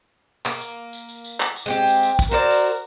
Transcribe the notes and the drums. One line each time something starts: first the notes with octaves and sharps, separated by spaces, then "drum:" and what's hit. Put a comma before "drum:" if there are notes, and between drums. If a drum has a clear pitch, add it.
A#3, drum: clap
drum: tambourine
drum: tambourine
drum: tambourine
drum: tambourine
drum: clap
drum: tambourine
G#3 C4 G4
drum: tambourine
drum: tambourine
drum: kick, tambourine
F#4 A#4 C5 D5
drum: tambourine
drum: tambourine